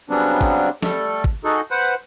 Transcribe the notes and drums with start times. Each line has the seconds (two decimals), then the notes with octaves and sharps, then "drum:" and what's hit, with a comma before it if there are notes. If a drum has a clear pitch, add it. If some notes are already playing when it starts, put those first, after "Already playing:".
0.10 C#3 F#3 G3 B3 C4 D4
0.41 drum: kick
0.83 G3 A3 A4, drum: snare
1.24 drum: kick
1.44 D#4 F#4 G#4 A4
1.71 B4 C5 F#5